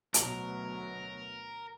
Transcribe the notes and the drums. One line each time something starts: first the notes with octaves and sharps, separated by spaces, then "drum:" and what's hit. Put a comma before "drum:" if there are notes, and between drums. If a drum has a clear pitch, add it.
D2 B2 F#3 A#4, drum: hi-hat